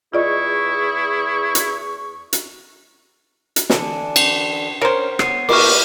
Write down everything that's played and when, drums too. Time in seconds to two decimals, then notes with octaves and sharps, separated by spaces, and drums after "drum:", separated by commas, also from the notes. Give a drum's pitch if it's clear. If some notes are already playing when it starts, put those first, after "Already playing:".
0.14 E2 E4 F4 G#4 D5 D#5 C#6
1.55 drum: hi-hat
2.33 drum: hi-hat
3.56 drum: hi-hat
3.70 D3 E3 D4, drum: snare
4.16 drum: cymbal
4.81 C#4 A#4 C5
5.19 B3 C#5 C7, drum: rim click
5.49 A#4 C#6 D6 F6, drum: cymbal